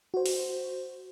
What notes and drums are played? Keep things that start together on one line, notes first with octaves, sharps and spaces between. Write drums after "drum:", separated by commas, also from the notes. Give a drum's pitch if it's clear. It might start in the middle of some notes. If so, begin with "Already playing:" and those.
F#4 C5
drum: open hi-hat